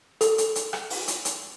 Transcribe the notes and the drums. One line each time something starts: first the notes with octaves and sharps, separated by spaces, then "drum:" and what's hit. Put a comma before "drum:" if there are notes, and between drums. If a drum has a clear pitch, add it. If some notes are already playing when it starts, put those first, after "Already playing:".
A4, drum: hi-hat
drum: hi-hat
drum: hi-hat
drum: rim click
drum: open hi-hat
drum: hi-hat
drum: hi-hat